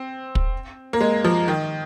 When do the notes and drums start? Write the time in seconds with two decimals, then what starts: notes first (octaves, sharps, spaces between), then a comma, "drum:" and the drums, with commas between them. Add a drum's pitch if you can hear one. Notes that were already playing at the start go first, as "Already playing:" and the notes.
Already playing: C4
0.35 drum: kick
0.93 A#3
1.01 G#3
1.24 F3
1.48 D#3